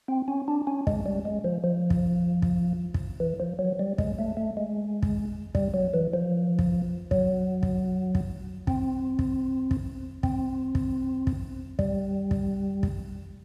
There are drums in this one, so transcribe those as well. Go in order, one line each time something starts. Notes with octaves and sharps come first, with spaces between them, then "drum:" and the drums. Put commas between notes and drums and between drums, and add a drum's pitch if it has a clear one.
C4
C#4
D4
C#4
G#3, drum: kick
G3
G#3
F3
F3
drum: kick
drum: kick
drum: kick
E3
F3
F#3
G3
G#3, drum: kick
A3
A3
G#3
drum: kick
G3, drum: kick
F#3
E3
F3
drum: kick
F#3, drum: kick
drum: kick
drum: kick
C4, drum: kick
drum: kick
drum: kick
C4, drum: kick
drum: kick
drum: kick
G3, drum: kick
drum: kick
drum: kick